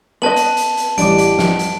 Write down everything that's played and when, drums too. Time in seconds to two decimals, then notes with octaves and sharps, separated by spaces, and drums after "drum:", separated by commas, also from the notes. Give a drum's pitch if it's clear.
0.22 B3 B4 D#5 A5 F#7
0.36 drum: hi-hat
0.57 drum: hi-hat
0.77 drum: hi-hat
0.98 A1 E3 G3 D4 D6 D7, drum: hi-hat
1.18 drum: hi-hat
1.39 drum: snare
1.59 drum: hi-hat